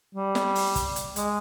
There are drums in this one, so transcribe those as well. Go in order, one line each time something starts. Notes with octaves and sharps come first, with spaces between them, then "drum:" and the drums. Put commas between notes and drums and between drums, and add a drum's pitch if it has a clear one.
G3
drum: snare
drum: open hi-hat
drum: kick, hi-hat
drum: hi-hat
G#3, drum: hi-hat